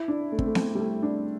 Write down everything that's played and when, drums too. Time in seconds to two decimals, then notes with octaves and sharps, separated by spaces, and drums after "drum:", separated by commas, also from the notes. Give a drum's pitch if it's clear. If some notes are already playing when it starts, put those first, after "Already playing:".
Already playing: E4
0.08 D4
0.32 A3
0.39 C4, drum: kick
0.46 A3
0.55 C4, drum: snare B3
0.75 G3
0.80 A3
1.03 D4